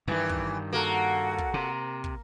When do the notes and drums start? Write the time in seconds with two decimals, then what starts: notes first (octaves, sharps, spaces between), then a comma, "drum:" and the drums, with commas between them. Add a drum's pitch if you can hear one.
0.08 G2 D#3 E3
0.29 drum: kick
0.73 A#3 F#4 A4 F#5
1.38 drum: kick
1.54 C3
2.04 drum: kick